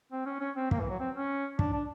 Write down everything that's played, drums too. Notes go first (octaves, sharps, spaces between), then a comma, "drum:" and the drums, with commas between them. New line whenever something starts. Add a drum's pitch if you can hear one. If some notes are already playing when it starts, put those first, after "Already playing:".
C4
C#4
C#4
C4
A#3, drum: kick
E3
F#3
C4
C#4
D4, drum: kick
D4